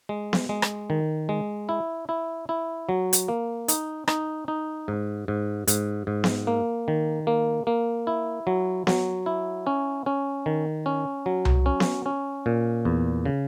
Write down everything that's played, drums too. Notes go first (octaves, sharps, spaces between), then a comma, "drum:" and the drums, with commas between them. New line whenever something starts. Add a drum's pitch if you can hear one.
G#3
drum: snare B3
G#3
drum: rim click
D#3
G#3
E4
E4
E4
F#3
drum: hi-hat
A#3
D#4, drum: hi-hat
D#4, drum: rim click
D#4
G#2
G#2
G#2, drum: hi-hat
G#2
drum: snare B3
A#3
D#3
A#3
A#3
E4
F#3
F#3, drum: snare B3
E4
C#4
C#4
D#3
C#4
F#3
drum: tom C2
C#4
drum: snare B3
C#4
A#2
E2
C#3